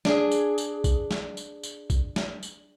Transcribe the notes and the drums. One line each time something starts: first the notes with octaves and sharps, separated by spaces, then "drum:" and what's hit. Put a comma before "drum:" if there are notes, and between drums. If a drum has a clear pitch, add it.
D4 G#4, drum: snare
drum: tambourine
drum: tambourine
drum: kick B1, tambourine
drum: snare
drum: tambourine
drum: tambourine
drum: kick B1, tambourine
drum: snare
drum: tambourine